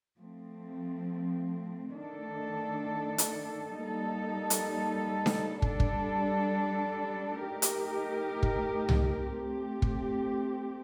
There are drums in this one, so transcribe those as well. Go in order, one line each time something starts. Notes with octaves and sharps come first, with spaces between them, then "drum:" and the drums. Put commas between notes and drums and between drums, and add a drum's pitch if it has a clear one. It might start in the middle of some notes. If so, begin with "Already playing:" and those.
F3 A3 C4
D#3 A3 D4 A4
drum: hi-hat
G3 A#3 D#4 A4
drum: hi-hat
drum: snare D4
G3 D4 A4, drum: kick
drum: kick
A3 D#4 G4 A#4
drum: hi-hat
drum: kick
drum: tom C2
A3 C4 G4
drum: kick